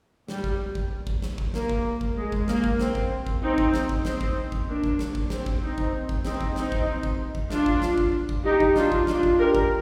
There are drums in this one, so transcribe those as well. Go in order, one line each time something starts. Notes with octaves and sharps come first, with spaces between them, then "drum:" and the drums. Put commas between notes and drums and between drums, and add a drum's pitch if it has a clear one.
G3, drum: snare
drum: kick
drum: kick
drum: kick
drum: snare
drum: kick
A#3, drum: snare
drum: kick
drum: kick
G#3
drum: kick
A#3, drum: snare
drum: kick
C4, drum: snare
drum: kick
drum: kick
C4 D#4
drum: kick
drum: snare
drum: kick
C4 D#4, drum: snare
drum: kick
drum: kick
A#3 D4
drum: kick
drum: snare
drum: kick
C4, drum: snare
drum: kick
C4 D#4
drum: kick
drum: kick
C4 D#4, drum: snare
drum: kick
C4 D#4, drum: snare
drum: kick
drum: kick
drum: kick
D4 F4, drum: snare
drum: kick
drum: snare
drum: kick
drum: kick
D#4 G4
drum: kick
D4 F4, drum: snare
drum: kick
D4 F4, drum: snare
drum: kick
G4 A#4
drum: kick